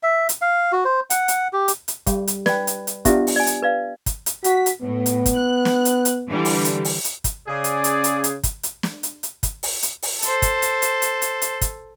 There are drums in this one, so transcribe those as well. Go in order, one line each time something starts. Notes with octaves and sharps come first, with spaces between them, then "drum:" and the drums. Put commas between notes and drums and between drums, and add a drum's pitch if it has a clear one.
E5
drum: hi-hat
F5
F#4
C5
F#5, drum: hi-hat
drum: hi-hat
G4
drum: hi-hat
drum: hi-hat
G3, drum: kick, hi-hat
drum: hi-hat
B4 D5 G5, drum: snare
drum: hi-hat
drum: hi-hat
B3 D4 F4 G4 E5, drum: kick, hi-hat
drum: open hi-hat
D5 G#5
drum: hi-hat
B4 D5 F5
drum: kick, hi-hat
drum: hi-hat
F#4 B6, drum: hi-hat
drum: hi-hat
A2 B3
drum: hi-hat
drum: kick, hi-hat
F#6
drum: snare
drum: hi-hat
drum: hi-hat
D3 E3 G3
drum: open hi-hat
drum: hi-hat
drum: open hi-hat
drum: hi-hat
drum: kick, hi-hat
C#3 G#4 D5
drum: hi-hat
drum: hi-hat
drum: hi-hat
drum: hi-hat
drum: kick, hi-hat
drum: hi-hat
drum: snare
drum: hi-hat
drum: hi-hat
drum: kick, hi-hat
drum: open hi-hat
drum: hi-hat
drum: open hi-hat
A4 C5, drum: hi-hat
drum: kick, hi-hat
drum: hi-hat
drum: hi-hat
drum: hi-hat
drum: hi-hat
drum: hi-hat
drum: kick, hi-hat